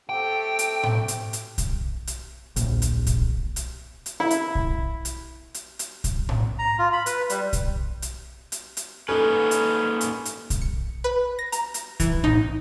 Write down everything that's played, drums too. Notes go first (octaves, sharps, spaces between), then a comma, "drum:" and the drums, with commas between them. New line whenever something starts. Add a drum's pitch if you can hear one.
A3 C4 G4 G5
drum: hi-hat
drum: tom A2
drum: hi-hat
drum: hi-hat
drum: kick, hi-hat
drum: hi-hat
D1 A#1, drum: hi-hat
drum: hi-hat
drum: kick, hi-hat
drum: hi-hat
drum: hi-hat
E4
drum: hi-hat
drum: kick
drum: hi-hat
drum: hi-hat
drum: hi-hat
drum: kick, hi-hat
drum: tom A2
A#5
F4
B5
B4, drum: hi-hat
G3, drum: hi-hat
drum: kick, hi-hat
drum: hi-hat
drum: hi-hat
drum: hi-hat
A#3 C#4 D#4 A4 B4
drum: hi-hat
drum: hi-hat
drum: hi-hat
drum: kick, hi-hat
C#7
B4
A#6
A#5, drum: hi-hat
drum: hi-hat
E3, drum: kick, hi-hat
D#4, drum: tom A2